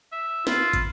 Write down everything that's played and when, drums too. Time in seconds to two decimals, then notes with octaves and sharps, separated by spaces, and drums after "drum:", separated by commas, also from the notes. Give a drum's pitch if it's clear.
0.12 E5
0.47 E4 F4, drum: snare
0.73 drum: kick, hi-hat